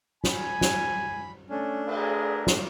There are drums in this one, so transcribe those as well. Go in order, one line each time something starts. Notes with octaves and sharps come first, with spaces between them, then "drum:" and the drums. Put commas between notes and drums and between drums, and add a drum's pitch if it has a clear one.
G#5 B5, drum: snare
drum: snare
A3 C#4 D4
drum: cymbal
G#4 A#4
drum: snare